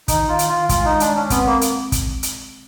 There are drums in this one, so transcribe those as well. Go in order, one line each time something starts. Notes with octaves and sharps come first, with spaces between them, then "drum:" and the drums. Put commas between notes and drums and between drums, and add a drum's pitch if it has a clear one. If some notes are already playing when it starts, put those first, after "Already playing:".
D#3 D#4, drum: kick, hi-hat
F4
D#3, drum: hi-hat
F4
G#3 F4, drum: kick, hi-hat
D#4
G#3 D4, drum: hi-hat
C#4
B3 C4, drum: kick, hi-hat
A#3
drum: hi-hat
drum: kick, hi-hat
drum: hi-hat